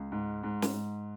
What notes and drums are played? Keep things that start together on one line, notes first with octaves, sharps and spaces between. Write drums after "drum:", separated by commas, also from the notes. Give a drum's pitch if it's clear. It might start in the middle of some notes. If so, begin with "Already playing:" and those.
Already playing: C#2
G#2
G#2
drum: snare
G#2